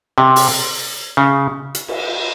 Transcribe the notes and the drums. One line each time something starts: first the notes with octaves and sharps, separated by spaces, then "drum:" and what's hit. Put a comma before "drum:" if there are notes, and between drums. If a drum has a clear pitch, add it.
C3
drum: open hi-hat
C#3
drum: hi-hat
drum: cymbal